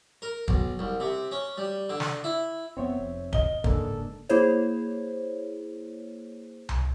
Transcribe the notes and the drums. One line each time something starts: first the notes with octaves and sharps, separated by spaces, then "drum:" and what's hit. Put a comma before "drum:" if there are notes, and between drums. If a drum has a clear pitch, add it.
A#4
B1, drum: kick
C2
C3
C#4
G3
D3
drum: snare
E4
F1 B3 C4 C#5 E5
F1
D#5 G7, drum: kick
G#2 C#3 A#3 D4 A4, drum: kick
A#3 E4 G#4 C5 C#5, drum: hi-hat
drum: tom C2